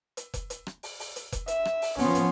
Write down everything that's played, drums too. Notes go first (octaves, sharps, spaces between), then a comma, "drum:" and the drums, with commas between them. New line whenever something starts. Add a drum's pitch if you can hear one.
drum: hi-hat
drum: kick F1, hi-hat
drum: hi-hat
drum: rim click
drum: open hi-hat
drum: open hi-hat
drum: hi-hat
drum: kick F1, hi-hat
E5, drum: hi-hat
drum: rim click
drum: open hi-hat
F3 B3 C#4 C6, drum: open hi-hat
drum: hi-hat